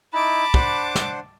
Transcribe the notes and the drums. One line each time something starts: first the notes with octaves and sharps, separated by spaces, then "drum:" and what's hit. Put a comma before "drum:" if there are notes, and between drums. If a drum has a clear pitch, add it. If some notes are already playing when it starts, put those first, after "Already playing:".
D#4 E4 A5 B5 D6
D4 C5 F#5, drum: kick
drum: snare